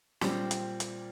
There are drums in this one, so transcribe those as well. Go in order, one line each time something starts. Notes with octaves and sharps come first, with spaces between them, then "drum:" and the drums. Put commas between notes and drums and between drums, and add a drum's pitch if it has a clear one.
A#2 G3 C4 G4, drum: snare
drum: hi-hat
drum: hi-hat